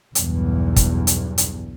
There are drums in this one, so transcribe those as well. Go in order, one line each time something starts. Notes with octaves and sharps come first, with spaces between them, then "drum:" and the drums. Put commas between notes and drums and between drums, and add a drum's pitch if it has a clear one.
B1 E2 G2, drum: hi-hat
drum: kick, hi-hat
drum: hi-hat
drum: hi-hat